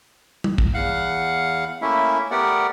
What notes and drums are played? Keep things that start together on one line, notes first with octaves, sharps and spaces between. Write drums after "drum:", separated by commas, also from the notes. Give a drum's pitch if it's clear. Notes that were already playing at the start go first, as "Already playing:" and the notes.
drum: tom
drum: kick
E2 F5 F#5 F#6
A3 A#3 C#4 E4 E5
A3 B3 G4 A#4 D5 F#5